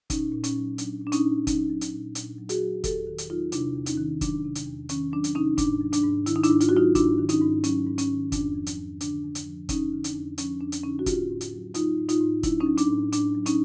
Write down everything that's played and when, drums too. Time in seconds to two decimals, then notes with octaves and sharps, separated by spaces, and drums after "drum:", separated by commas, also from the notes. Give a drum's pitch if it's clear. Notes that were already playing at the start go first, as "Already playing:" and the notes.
0.10 A#2 C#4 D#4, drum: kick, hi-hat
0.32 A#2
0.44 C#4, drum: hi-hat
0.56 F#3
0.78 F#3 D4, drum: hi-hat
1.02 A#2
1.07 D4
1.12 C#4 D#4, drum: hi-hat
1.24 A#2
1.47 F#3 C#4 D#4, drum: kick, hi-hat
1.70 F#3
1.81 drum: hi-hat
1.93 A#2
2.15 A#2 D4, drum: hi-hat
2.38 F#3
2.49 F#4 G#4, drum: hi-hat
2.61 F#3
2.84 E2 G4 A4, drum: kick, hi-hat
3.07 D#3
3.18 drum: hi-hat
3.29 F#3 D#4 F4
3.52 C3 D4 E4, drum: hi-hat
3.76 E2
3.86 C#4 D#4, drum: hi-hat
3.98 D#3
4.21 F#3 D4, drum: kick, hi-hat
4.45 C3
4.55 drum: hi-hat
4.66 E2
4.89 D#3 C#4, drum: hi-hat
5.12 F#3 D4
5.24 drum: hi-hat
5.35 C3 C#4 D#4
5.58 G#2 D4, drum: kick, hi-hat
5.81 F#3
5.93 D4, drum: hi-hat
6.04 G#2
6.26 D#3 E4, drum: hi-hat
6.36 D#4
6.43 D4 E4, drum: hi-hat
6.49 G#2
6.61 F4, drum: hi-hat
6.69 F#4
6.73 F#3 D#4 F4
6.95 G#2 D4 E4, drum: kick, hi-hat
7.18 D#3
7.29 C#4 D#4, drum: hi-hat
7.41 G#2
7.64 F#3 C#4, drum: hi-hat
7.86 G#2
7.98 C#4, drum: hi-hat
8.09 D#3
8.32 F2 D4, drum: kick, hi-hat
8.55 F3
8.67 drum: hi-hat
8.78 F2
9.01 D3 D4, drum: hi-hat
9.24 F2
9.35 drum: hi-hat
9.46 F3
9.69 F2 C#4 D#4, drum: kick, hi-hat
9.93 D3
10.04 D4, drum: hi-hat
10.14 F2
10.38 F3 C#4, drum: hi-hat
10.60 F2 D4
10.72 drum: hi-hat
10.83 D3 C#4 D#4
10.99 F#4
11.06 A2 F4 G4, drum: kick, hi-hat
11.29 A2
11.41 drum: hi-hat
11.53 F#3
11.74 F#3 D#4 F4, drum: hi-hat
11.98 A2
12.09 D#4 F4, drum: hi-hat
12.21 A2
12.43 F#3 D4 E4, drum: kick, hi-hat
12.60 C#4 D#4
12.66 F#3
12.78 D4, drum: hi-hat
12.89 A2
13.13 A2 D4, drum: hi-hat
13.35 F#3
13.46 C#4 D#4, drum: hi-hat